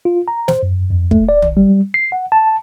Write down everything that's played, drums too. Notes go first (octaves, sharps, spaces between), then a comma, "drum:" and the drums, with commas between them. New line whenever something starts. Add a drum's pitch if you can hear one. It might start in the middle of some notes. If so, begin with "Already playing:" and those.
F4
A#5
C5, drum: snare
F#2
F2
A3, drum: kick
D5
drum: tom
G3
C7
F#5
A5